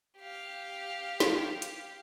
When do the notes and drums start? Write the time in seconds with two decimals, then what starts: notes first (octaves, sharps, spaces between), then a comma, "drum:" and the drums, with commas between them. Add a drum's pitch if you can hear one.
0.18 G4 F5
1.20 drum: snare
1.62 drum: hi-hat